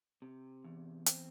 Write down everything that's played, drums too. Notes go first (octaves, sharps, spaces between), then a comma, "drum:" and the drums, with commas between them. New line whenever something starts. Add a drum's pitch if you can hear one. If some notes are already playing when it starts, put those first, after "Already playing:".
C3
E2
C4, drum: hi-hat